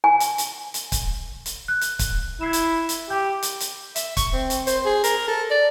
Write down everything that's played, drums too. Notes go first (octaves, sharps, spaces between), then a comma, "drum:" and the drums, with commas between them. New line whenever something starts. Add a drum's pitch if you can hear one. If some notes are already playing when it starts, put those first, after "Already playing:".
G#5
drum: hi-hat
drum: hi-hat
drum: hi-hat
drum: kick, hi-hat
drum: hi-hat
F#6
drum: hi-hat
drum: kick, hi-hat
E4 G#6 C7 E7
drum: hi-hat
drum: hi-hat
G4 G5 G6
drum: hi-hat
drum: hi-hat
E5, drum: hi-hat
C#6, drum: kick, hi-hat
C4
drum: hi-hat
C5, drum: hi-hat
G#4
A#4, drum: hi-hat
A4
D5